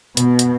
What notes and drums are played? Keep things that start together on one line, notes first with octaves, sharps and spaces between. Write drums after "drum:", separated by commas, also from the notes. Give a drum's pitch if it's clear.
B2, drum: hi-hat
drum: hi-hat